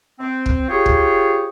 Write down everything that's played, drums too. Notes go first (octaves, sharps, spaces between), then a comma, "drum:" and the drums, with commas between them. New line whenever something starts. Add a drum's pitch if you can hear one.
C4
drum: kick
F4 G4 G#4 C5 C#5
drum: kick